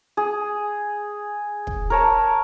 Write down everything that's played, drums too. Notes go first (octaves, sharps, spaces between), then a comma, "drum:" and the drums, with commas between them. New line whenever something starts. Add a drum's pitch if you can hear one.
G#4
drum: kick
A#4 C#5 A5